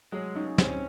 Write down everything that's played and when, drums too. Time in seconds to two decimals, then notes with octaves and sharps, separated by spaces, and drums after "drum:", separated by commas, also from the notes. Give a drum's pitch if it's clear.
0.12 F#3 G#3
0.35 C#3 D#4
0.58 C4 C#4, drum: snare